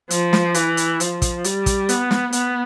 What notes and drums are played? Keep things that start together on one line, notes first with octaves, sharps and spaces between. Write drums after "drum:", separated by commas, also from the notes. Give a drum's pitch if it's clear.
F3, drum: hi-hat
drum: snare
E3, drum: hi-hat
drum: hi-hat
F3, drum: hi-hat
drum: kick, hi-hat
G3, drum: hi-hat
drum: kick, hi-hat
B3, drum: hi-hat
drum: snare
B3, drum: hi-hat